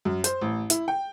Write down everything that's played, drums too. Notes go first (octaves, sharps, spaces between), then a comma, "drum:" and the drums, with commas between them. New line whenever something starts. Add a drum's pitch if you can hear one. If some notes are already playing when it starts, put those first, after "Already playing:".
F#2
C5, drum: hi-hat
A1
E4, drum: hi-hat
G5